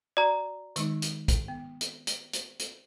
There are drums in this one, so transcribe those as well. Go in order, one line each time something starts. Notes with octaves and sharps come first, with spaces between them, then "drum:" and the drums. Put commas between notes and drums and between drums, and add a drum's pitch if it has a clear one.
F#4 D5 A#5
D#3 G#3 D#4, drum: hi-hat
drum: hi-hat
drum: kick, hi-hat
B3
drum: hi-hat
drum: hi-hat
drum: hi-hat
drum: hi-hat